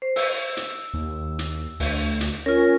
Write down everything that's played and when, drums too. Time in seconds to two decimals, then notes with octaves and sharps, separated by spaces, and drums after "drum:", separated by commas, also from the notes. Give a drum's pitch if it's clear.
0.02 C5
0.16 E6, drum: open hi-hat
0.57 drum: hi-hat
0.94 D#2
1.39 drum: hi-hat
1.80 D2, drum: open hi-hat
2.21 drum: hi-hat
2.46 C#4 F4 A#4